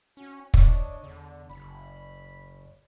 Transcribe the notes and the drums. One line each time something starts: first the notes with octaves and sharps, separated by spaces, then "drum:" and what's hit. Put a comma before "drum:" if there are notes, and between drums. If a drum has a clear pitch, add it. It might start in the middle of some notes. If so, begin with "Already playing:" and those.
C#4 F#4 G#5
D4 C#5 D#5, drum: kick
E2 D3
F#1 B5